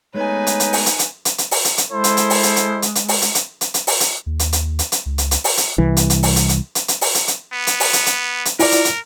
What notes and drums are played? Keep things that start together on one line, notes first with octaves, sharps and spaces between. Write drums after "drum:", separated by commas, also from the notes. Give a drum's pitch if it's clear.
G#3 A3 B3 D#4 B4 C#5 G#5
drum: hi-hat
drum: hi-hat
drum: open hi-hat
drum: hi-hat
drum: hi-hat
drum: hi-hat
drum: hi-hat
drum: open hi-hat
drum: hi-hat
drum: hi-hat
G#3 E4 A4 C5
drum: hi-hat
drum: hi-hat
drum: open hi-hat
drum: hi-hat
drum: hi-hat
drum: hi-hat
drum: hi-hat
drum: open hi-hat
drum: hi-hat
drum: hi-hat
drum: hi-hat
drum: hi-hat
drum: open hi-hat
drum: hi-hat
D#2
drum: hi-hat
drum: hi-hat
drum: hi-hat
drum: hi-hat
C#2
drum: hi-hat
drum: hi-hat
drum: open hi-hat
drum: hi-hat
C2 E3
drum: hi-hat
drum: hi-hat
drum: open hi-hat
drum: hi-hat
drum: hi-hat
drum: hi-hat
drum: hi-hat
drum: open hi-hat
drum: hi-hat
drum: hi-hat
B3
drum: hi-hat
drum: open hi-hat
drum: hi-hat
drum: hi-hat
drum: hi-hat
E4 F4 A#4 D5, drum: open hi-hat
drum: hi-hat
drum: hi-hat